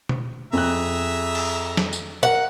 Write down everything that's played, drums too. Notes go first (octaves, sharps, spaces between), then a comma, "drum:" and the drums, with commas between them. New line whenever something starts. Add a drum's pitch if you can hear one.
drum: tom B2
F2 G#4 E5 A#5 F#6
drum: cymbal
drum: snare
drum: tambourine
A#4 F#5